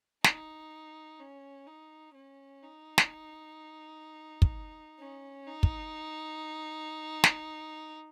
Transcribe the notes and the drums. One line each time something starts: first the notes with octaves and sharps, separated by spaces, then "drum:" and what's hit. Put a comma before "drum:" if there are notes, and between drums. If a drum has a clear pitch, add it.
D#4, drum: snare
C#4
D#4
C#4
D#4
drum: snare
drum: kick
C#4
D#4
drum: kick
drum: snare